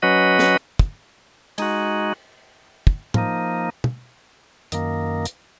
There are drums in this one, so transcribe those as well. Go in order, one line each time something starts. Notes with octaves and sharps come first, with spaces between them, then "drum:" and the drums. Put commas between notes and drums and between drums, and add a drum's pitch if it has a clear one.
F#3 C#4 F#4 B4 D#5
drum: snare
drum: kick
G#3 D#4 F#4, drum: cymbal
drum: kick
F3 A#3 D#4, drum: tom
drum: tom
F#2 D#3 A#3, drum: hi-hat
drum: hi-hat